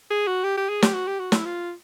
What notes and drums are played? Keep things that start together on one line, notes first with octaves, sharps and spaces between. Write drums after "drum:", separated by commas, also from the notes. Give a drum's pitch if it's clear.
G#4
F#4
G4
G4
G#4
G4, drum: snare
F#4
G4
F#4
E4, drum: snare
F4